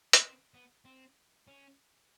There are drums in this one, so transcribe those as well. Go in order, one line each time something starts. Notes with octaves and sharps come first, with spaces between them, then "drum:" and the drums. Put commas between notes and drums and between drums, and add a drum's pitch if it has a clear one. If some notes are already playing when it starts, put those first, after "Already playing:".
B3, drum: hi-hat
C4
B3
C4
C#4